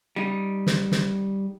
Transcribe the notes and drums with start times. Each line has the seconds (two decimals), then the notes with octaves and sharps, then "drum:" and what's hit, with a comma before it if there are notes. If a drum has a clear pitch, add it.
0.16 G3 D#4
0.67 drum: snare
0.92 drum: snare